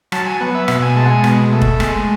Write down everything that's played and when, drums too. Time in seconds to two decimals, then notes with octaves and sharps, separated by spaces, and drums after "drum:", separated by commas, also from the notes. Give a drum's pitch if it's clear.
0.12 F#3 A5, drum: rim click
0.26 G#5
0.40 B3 F#5
0.55 E5
0.68 B2 E5, drum: rim click
0.82 G#5
0.96 G#3 A5
1.05 F#5
1.10 G#5
1.24 B2, drum: rim click
1.52 A3
1.62 drum: kick F1
1.80 G#3, drum: rim click